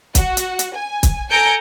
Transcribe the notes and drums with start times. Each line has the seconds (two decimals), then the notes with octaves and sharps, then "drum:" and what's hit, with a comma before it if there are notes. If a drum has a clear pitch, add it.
0.15 F#4, drum: kick, hi-hat
0.37 drum: hi-hat
0.59 drum: hi-hat
0.75 G#5
1.03 drum: kick, hi-hat
1.30 A4 G#5 A#5 G6 C#7 D7